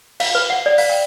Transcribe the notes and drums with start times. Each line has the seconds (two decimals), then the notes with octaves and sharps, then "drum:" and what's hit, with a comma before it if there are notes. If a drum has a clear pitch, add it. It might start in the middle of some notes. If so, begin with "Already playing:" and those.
0.20 F5, drum: cymbal
0.35 B4
0.50 F#5
0.66 D5
0.78 F5, drum: open hi-hat
0.90 G5